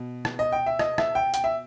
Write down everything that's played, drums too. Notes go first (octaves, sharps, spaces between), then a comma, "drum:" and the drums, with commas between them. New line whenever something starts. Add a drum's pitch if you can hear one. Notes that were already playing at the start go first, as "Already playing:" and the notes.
Already playing: B2
drum: rim click
D#5
G5
E5
D#5, drum: rim click
E5, drum: rim click
G5
G5, drum: hi-hat
E5